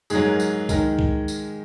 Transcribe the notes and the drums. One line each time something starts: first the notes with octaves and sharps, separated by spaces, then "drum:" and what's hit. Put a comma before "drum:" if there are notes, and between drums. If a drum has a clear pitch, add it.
G#2 F#3 G#4, drum: tambourine
A#4
drum: tambourine
D#3 G#3 A#4, drum: kick C#2, tambourine
drum: kick C#2
drum: tambourine